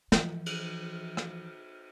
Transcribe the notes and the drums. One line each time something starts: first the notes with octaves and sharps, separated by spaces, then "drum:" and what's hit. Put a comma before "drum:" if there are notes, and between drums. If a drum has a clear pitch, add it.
E3 F3, drum: snare
drum: cymbal
drum: rim click